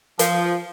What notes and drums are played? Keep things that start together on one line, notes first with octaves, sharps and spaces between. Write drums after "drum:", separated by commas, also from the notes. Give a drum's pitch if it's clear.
F3, drum: hi-hat